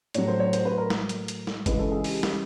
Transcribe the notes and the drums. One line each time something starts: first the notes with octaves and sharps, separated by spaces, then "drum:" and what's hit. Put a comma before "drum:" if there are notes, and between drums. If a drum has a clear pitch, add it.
A2 F#3 C#5, drum: hi-hat
C5
C#5
C5, drum: hi-hat
B4
A#4
drum: snare
drum: hi-hat
drum: hi-hat
drum: snare
C#3 E3 G#3 B4, drum: kick, hi-hat
A4
G#4
G4, drum: open hi-hat
drum: snare